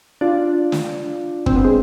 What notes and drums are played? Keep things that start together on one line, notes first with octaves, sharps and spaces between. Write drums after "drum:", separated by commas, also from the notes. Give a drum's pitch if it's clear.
D4 F4
drum: snare
C4, drum: kick
B3
G#3